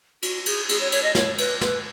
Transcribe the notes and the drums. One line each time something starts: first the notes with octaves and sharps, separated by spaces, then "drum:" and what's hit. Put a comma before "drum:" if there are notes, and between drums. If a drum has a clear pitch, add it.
F#4, drum: cymbal
G#4, drum: cymbal
G#4, drum: cymbal
C#5
C#5, drum: cymbal
D#5
C#5, drum: snare
B4, drum: cymbal
B4, drum: snare